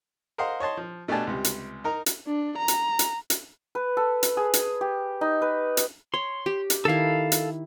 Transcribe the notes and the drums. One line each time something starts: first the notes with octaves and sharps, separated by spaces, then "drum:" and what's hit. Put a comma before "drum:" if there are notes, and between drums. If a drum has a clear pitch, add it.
A#4 C5 D#5 F5 F#5 C6
C#5 D#5 A5 C6
F3
B2 A3 D4 G4 G#5 A5
C#2 C3 G3
drum: hi-hat
D#4 A#4 A#5
drum: hi-hat
D4
A#5
drum: hi-hat
drum: hi-hat
drum: hi-hat
B4
A4
drum: hi-hat
G#4
drum: hi-hat
G4
D#4
B4
drum: hi-hat
C#5 C6
G4
drum: hi-hat
D#3 E4 A4 F5
drum: hi-hat